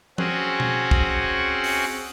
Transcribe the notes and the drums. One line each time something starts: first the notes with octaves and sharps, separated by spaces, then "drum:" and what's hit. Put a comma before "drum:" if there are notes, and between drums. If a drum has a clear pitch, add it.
C4 C#4 F#4 G#4 F#5, drum: tom F3
drum: tom B2
drum: kick
drum: open hi-hat